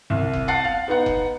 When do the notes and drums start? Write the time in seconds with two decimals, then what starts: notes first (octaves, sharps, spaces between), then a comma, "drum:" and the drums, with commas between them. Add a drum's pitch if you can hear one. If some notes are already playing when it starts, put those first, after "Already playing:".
0.10 C2
0.33 drum: kick F1
0.48 F#5 A5 A6 C7
0.65 F5
0.88 B3 D#4 F#5
1.06 drum: kick F1